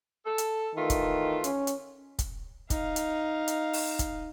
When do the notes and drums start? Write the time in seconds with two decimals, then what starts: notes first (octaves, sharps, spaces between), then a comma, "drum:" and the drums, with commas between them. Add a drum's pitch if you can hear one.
0.24 A4
0.38 drum: hi-hat
0.75 D#3 E3 A3 F4
0.90 drum: kick, hi-hat
1.44 C#4, drum: hi-hat
1.67 drum: hi-hat
2.19 drum: kick, hi-hat
2.70 D#4 F5, drum: kick, hi-hat
2.96 drum: hi-hat
3.48 drum: hi-hat
3.73 drum: open hi-hat
3.99 drum: kick, hi-hat